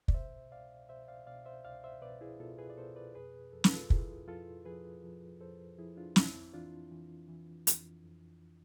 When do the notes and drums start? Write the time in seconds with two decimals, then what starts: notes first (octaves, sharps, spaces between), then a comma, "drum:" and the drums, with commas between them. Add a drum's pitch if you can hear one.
0.08 D5, drum: kick
0.14 B2 C5 E5
0.52 C2 D5 F5
0.89 B2 C5 E5
1.08 D5 F5
1.27 B2 D5 F5
1.45 C5 E5
1.65 C2 D5 F5
1.84 C5 E5
2.02 B2 B4 D5
2.21 E4 G#4
2.40 B2 F4 A4
2.59 G#4 B4
2.70 D5
2.77 B2 A4 C5
2.96 B4 D5
3.15 F2 G#4 B4
3.53 F2 A4
3.64 B4, drum: snare
3.74 F4 A4
3.90 F2 E4 G#4, drum: kick
4.28 F2 F4 A4
4.65 F3 G#4 B4
5.03 F3
5.41 F2 A4 C5
5.78 F3 E4 G#4
5.97 D4 F4
6.16 F2 C4 E4, drum: snare
6.53 E3 D4 F4
6.91 E3
7.29 E3
7.67 F2, drum: hi-hat
8.04 F2